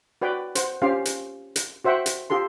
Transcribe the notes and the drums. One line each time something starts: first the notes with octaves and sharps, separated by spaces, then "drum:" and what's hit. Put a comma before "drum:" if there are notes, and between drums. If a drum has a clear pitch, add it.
F#4 B4 D5 G5
C5 F#5, drum: hi-hat
C#4 F4 G4 C5 F5
drum: hi-hat
drum: hi-hat
F#4 C5 E5 F#5 G5
drum: hi-hat
F4 G4 A4 C6